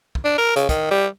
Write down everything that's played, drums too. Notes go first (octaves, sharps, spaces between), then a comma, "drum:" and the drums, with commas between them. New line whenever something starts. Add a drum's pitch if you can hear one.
drum: kick
D4
A#4
C#3, drum: hi-hat
D#3, drum: kick, hi-hat
G3